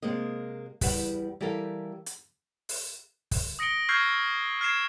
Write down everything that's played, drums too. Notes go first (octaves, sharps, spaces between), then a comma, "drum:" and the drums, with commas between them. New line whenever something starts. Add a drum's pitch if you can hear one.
C3 G#3 A#3 D#5
E2 G3 G4 B4 F#5, drum: kick, open hi-hat
E3 G3 G4 A4 A#4 F5
drum: hi-hat
drum: open hi-hat
drum: kick, open hi-hat
D#6 A#6 C#7 D7 G7
C#6 E6 F6 G6 G#6 C7
F6 G#6 C7 E7